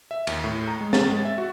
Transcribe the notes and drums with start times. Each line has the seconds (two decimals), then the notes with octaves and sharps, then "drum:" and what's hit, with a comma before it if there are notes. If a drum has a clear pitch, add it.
0.11 E5
0.27 D#2, drum: cymbal
0.44 A2
0.68 A#5
0.81 G#3
0.93 A6, drum: snare
1.07 G#3
1.25 E5
1.38 F#4